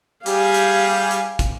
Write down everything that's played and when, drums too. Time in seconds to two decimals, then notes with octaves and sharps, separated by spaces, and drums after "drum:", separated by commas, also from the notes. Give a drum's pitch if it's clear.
0.26 G3 G4 G#4 F5 G#5, drum: hi-hat
0.54 drum: hi-hat
1.11 drum: hi-hat
1.39 drum: kick, hi-hat